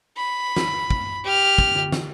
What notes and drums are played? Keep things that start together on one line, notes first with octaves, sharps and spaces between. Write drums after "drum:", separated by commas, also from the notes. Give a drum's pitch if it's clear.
B5
drum: snare
drum: kick
G4 F6
drum: kick
drum: tom D3
drum: snare